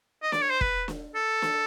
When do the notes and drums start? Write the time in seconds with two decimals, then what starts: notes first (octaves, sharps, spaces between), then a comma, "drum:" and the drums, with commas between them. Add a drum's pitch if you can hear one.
0.23 D#5
0.32 D5, drum: snare
0.41 C#5
0.50 C5
0.61 B4, drum: kick
0.88 drum: snare
1.15 A4
1.42 drum: snare